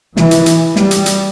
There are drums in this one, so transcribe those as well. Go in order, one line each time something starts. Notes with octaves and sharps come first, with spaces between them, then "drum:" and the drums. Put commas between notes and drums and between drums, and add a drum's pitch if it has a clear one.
E3, drum: snare
drum: hi-hat
drum: hi-hat
G3, drum: snare
drum: hi-hat
drum: hi-hat